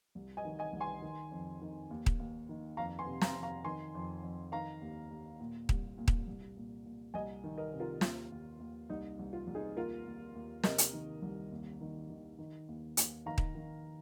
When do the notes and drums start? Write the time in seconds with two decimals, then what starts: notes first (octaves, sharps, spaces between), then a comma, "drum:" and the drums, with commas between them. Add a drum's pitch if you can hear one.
0.15 C2
0.37 D#5 G#5
0.45 D#3
0.59 D#5 G#5
0.73 C2
0.80 G#5 C6
1.02 D#3
1.31 F2
1.62 D#3
1.90 D#2
2.06 drum: kick D#1
2.19 D#2
2.49 D#3
2.77 F2 F5 A#5
2.99 G#5 C6
3.06 C3
3.21 F5 A#5, drum: snare
3.36 F2
3.43 F5 A#5
3.64 D#3 G#5 C6
3.95 F2
4.23 F2
4.52 D#3 F5 A#5
4.81 D#2
5.11 D#2
5.40 A#2
5.69 C2, drum: kick D#1
5.98 A#2
6.08 drum: kick D#1
6.27 C2
6.57 A#2
6.85 A#2
7.14 C2 D#5 G#5
7.44 D#3
7.57 A#4 D#5
7.73 C3
7.80 F4 A#4
8.01 D#2 F4, drum: snare
8.31 D#2
8.60 D#2
8.90 C2 D#4
9.19 C2
9.33 F4
9.47 C2
9.55 D#4 G#4
9.76 D#2 F4 A#4
10.06 D#2
10.35 D#2
10.63 C3 A#4 D#5, drum: snare
10.78 drum: hi-hat
10.93 D#3
11.22 C2
11.52 D#2
11.81 D#3
12.10 D#3
12.38 D#3
12.68 D#2
12.97 D#2, drum: hi-hat
13.26 D#3 F5 A#5
13.38 drum: kick D#1
13.55 D#3